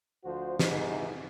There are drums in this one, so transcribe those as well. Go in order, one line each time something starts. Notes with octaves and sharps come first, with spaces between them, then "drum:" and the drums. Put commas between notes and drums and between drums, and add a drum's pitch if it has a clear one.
D2 F3 F#4 C5
G#2 C3 E3 F3 D#4, drum: snare